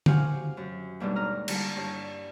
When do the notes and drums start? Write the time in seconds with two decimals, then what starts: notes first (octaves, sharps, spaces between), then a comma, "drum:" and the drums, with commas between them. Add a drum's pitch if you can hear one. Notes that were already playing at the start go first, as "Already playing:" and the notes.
0.06 C4 F#4 G4 F5 F#5 G#5, drum: tom D3
0.57 F#2
1.00 D#2 G#2 B2 G3 D4 D#4
1.16 A#5 D#6 F6
1.48 D3 G3, drum: cymbal
1.76 G2 C#5